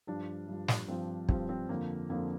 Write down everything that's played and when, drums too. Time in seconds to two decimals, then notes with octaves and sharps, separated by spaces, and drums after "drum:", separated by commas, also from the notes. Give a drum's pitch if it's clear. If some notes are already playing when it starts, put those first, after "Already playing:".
0.07 G2 F3 D4
0.48 G2 F3
0.68 drum: snare
0.88 G2 F3 C4
1.29 G2 F3 C4, drum: kick
1.49 C4
1.69 F2 D3 F3 A#3
2.10 F2 D3 F3 A#3